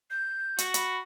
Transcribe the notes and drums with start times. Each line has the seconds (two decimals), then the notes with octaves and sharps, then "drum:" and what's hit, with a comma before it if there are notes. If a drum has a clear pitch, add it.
0.10 G6
0.58 F#4, drum: hi-hat
0.74 B5, drum: hi-hat